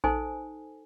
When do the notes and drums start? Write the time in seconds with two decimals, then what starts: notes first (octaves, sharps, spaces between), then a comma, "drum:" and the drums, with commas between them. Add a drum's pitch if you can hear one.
0.04 D#4 A4 C5 G#5, drum: kick A#1